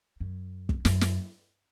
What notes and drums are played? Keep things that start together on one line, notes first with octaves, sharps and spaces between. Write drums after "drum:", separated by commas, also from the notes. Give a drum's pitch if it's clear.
F#2
drum: kick
F#2, drum: snare
drum: snare